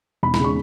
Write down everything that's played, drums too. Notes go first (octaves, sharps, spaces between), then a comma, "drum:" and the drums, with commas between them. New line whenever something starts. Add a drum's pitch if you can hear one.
E1 B5
B5, drum: snare
C#3 G#3 C#6